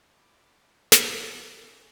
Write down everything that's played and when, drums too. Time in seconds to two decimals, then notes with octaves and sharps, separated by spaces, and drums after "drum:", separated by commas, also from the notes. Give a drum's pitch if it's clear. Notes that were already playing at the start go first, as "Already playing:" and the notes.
0.11 B5 D6
0.92 F5, drum: snare
1.57 C#4 E4